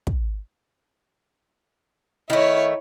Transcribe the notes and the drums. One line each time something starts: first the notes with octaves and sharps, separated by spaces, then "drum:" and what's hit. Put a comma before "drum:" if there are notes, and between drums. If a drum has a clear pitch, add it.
drum: kick
D#3 A3 E4 C#5